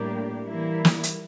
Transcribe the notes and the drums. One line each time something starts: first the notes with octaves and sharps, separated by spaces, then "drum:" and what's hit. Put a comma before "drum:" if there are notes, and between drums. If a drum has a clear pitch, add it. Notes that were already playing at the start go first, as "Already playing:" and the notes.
Already playing: A2 G3 A#3 D4 G4
E3 G3 A#3 E4
drum: snare
drum: hi-hat